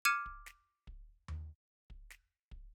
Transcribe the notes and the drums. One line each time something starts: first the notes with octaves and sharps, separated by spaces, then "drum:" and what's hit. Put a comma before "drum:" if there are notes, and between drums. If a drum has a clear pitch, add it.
D6 F6 G#6 C#7 D#7 E7
drum: kick
drum: snare
drum: kick
drum: tom D#2
drum: kick
drum: snare
drum: kick